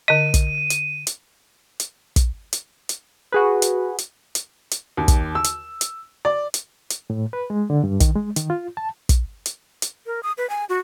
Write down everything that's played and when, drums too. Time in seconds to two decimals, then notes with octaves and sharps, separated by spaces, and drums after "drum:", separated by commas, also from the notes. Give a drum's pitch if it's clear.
0.08 D3 D#5 D#7
0.34 drum: kick, hi-hat
0.70 drum: hi-hat
1.07 drum: hi-hat
1.80 drum: hi-hat
2.16 drum: kick, hi-hat
2.53 drum: hi-hat
2.89 drum: hi-hat
3.32 F#4 G#4 B4
3.62 drum: hi-hat
3.98 drum: hi-hat
4.35 drum: hi-hat
4.71 drum: hi-hat
4.97 D#2
5.08 drum: kick, hi-hat
5.35 E6
5.44 drum: hi-hat
5.81 drum: hi-hat
6.25 D5
6.54 drum: hi-hat
6.90 drum: hi-hat
7.10 A2
7.33 B4
7.50 G#3
7.70 D3
7.84 G2
8.00 D#3, drum: kick, hi-hat
8.15 G#3
8.36 D#3, drum: hi-hat
8.50 F4
8.77 A5
9.09 drum: kick, hi-hat
9.46 drum: hi-hat
9.82 drum: hi-hat
10.06 A#4
10.23 D#6
10.38 B4
10.50 G#5
10.69 F#4